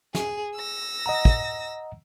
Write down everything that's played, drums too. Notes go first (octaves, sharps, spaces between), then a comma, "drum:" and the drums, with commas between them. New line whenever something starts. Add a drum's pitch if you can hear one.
G#4, drum: snare
E6 A#6
D#5 F#5 A#5
drum: kick